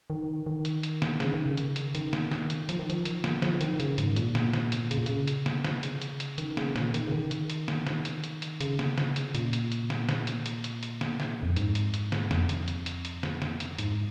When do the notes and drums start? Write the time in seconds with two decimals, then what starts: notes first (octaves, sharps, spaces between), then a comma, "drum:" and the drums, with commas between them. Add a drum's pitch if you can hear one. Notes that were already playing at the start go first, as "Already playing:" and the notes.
0.10 D#3
0.46 D#3
0.65 drum: hi-hat
0.83 drum: hi-hat
1.02 drum: snare
1.20 C#3, drum: snare
1.33 D#3
1.46 C#3
1.57 drum: hi-hat
1.76 drum: hi-hat
1.95 D#3, drum: hi-hat
2.13 drum: snare
2.31 drum: snare
2.50 drum: hi-hat
2.69 F3, drum: hi-hat
2.79 D#3
2.90 F3, drum: hi-hat
3.05 drum: hi-hat
3.24 drum: snare
3.42 F3, drum: snare
3.61 D#3, drum: hi-hat
3.80 C#3, drum: hi-hat
3.98 G#2, drum: hi-hat
4.16 A#2, drum: hi-hat
4.35 drum: snare
4.53 drum: snare
4.72 drum: hi-hat
4.91 C#3, drum: hi-hat
4.98 A#2
5.06 C#3, drum: hi-hat
5.28 drum: hi-hat
5.46 drum: snare
5.65 drum: snare
5.83 drum: hi-hat
6.02 drum: hi-hat
6.20 drum: hi-hat
6.38 D#3, drum: hi-hat
6.57 C#3, drum: snare
6.76 A#2, drum: snare
6.94 D#3, drum: hi-hat
7.08 C#3
7.12 D#3
7.31 drum: hi-hat
7.50 drum: hi-hat
7.68 drum: snare
7.87 drum: snare
8.05 drum: hi-hat
8.24 drum: hi-hat
8.42 drum: hi-hat
8.61 C#3, drum: hi-hat
8.79 drum: snare
8.98 drum: snare
9.16 drum: hi-hat
9.35 A#2, drum: hi-hat
9.53 drum: hi-hat
9.72 drum: hi-hat
9.90 drum: snare
10.09 drum: snare
10.27 drum: hi-hat
10.46 drum: hi-hat
10.64 drum: hi-hat
10.83 drum: hi-hat
11.01 drum: snare
11.20 drum: snare
11.43 F2
11.56 G#2, drum: hi-hat
11.75 drum: hi-hat
11.94 drum: hi-hat
12.12 drum: snare
12.31 F2, drum: snare
12.49 drum: hi-hat
12.68 drum: hi-hat
12.86 drum: hi-hat
13.05 drum: hi-hat
13.23 drum: snare
13.42 drum: snare
13.60 drum: hi-hat
13.78 G#2, drum: hi-hat